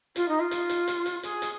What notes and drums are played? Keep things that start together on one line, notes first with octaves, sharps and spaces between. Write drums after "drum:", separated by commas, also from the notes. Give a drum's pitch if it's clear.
F4, drum: hi-hat
D#4
F4
drum: hi-hat
drum: hi-hat
drum: hi-hat
drum: hi-hat
G#4, drum: hi-hat
drum: hi-hat